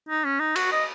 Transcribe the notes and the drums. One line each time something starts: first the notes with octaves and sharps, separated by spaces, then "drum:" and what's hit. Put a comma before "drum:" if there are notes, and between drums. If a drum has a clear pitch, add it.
D#4
C#4
D#4
F#4, drum: cymbal
D#5